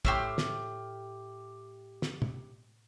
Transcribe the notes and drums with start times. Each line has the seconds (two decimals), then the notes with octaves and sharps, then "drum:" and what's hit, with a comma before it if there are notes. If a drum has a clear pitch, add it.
0.05 A2 G4 E5 C6 F6, drum: kick
0.38 drum: snare
2.02 drum: snare
2.22 drum: tom